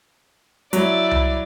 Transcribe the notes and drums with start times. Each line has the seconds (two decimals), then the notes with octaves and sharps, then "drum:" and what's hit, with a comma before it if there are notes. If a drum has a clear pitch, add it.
0.73 F#3 E4 D5, drum: hi-hat
1.11 drum: tom C2